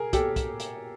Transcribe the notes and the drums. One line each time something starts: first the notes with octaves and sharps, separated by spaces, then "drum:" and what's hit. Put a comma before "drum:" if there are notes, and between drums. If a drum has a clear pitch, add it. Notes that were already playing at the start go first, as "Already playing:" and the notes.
Already playing: G#4 A#4
G4 A4, drum: kick, hi-hat
drum: kick, hi-hat
drum: hi-hat